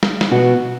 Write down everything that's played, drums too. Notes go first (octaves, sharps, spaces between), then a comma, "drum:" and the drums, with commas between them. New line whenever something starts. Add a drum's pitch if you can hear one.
drum: snare
drum: snare
B2 B3 F#4